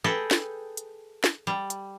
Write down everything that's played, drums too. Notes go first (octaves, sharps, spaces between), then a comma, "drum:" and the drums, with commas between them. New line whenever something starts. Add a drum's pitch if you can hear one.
G#4 A4 B4 D#5 G5
drum: snare
drum: hi-hat
drum: snare
G3
drum: hi-hat